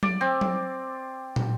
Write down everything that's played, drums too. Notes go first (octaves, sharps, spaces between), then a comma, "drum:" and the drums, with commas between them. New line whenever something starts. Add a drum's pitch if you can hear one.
D5, drum: tom F#3
C4
drum: tom F#3
drum: tom